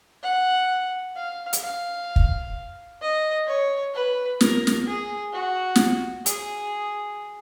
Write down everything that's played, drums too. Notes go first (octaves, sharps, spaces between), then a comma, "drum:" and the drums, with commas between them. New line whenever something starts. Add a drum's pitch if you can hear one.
F#5
F5
drum: hi-hat
F5
drum: kick
D#5
C#5
B4
A#4, drum: snare
drum: snare
G#4
F#4
drum: snare
G#4, drum: hi-hat